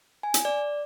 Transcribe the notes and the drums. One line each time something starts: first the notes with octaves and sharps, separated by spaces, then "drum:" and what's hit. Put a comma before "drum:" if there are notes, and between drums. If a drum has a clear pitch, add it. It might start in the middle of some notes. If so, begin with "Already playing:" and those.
G#5
drum: hi-hat
D5